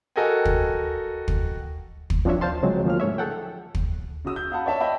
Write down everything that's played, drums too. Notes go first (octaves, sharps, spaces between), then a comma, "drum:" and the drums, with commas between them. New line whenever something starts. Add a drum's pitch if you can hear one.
F#4 A4 A#4 D#5 G5 G#5
drum: kick
drum: kick
drum: kick
F3 C4 D4 F#4 C#5 E5
C5 F5 A5 C6
C#3 F3 F#3 G#3 C4
D2 F3 A#3 C#4 G4 F6
G#2 A3 C#5 E5
G#4 A4 F#5 G5
drum: kick
C#3 F#4 D#6 E6
G6
F5 F#5 A5 B5
C#5 D5 E5 A5
D#5 E5 G5 B5